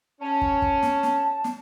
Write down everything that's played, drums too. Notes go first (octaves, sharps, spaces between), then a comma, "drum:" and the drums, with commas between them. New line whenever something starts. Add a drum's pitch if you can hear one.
C#4 A5
drum: kick
drum: kick
drum: snare
drum: snare
drum: snare